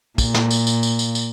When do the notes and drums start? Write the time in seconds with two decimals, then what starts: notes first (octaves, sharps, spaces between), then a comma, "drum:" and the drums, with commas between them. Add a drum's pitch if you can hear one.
0.18 A#2, drum: kick, tambourine
0.34 drum: snare
0.51 drum: tambourine
0.67 drum: tambourine
0.83 drum: tambourine
0.99 drum: tambourine
1.15 drum: tambourine